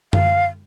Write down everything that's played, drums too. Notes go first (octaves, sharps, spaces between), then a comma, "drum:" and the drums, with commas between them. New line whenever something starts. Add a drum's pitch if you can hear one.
F5, drum: tom F#2